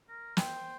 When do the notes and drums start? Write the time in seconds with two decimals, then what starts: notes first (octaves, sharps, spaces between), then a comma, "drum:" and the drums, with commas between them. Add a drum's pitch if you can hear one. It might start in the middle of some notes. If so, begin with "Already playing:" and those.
0.09 A#4
0.37 C5 G5, drum: snare